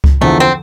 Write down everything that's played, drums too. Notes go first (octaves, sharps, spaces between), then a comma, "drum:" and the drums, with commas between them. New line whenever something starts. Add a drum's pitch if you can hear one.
drum: kick C#2
E2 D3 F3 A3
C4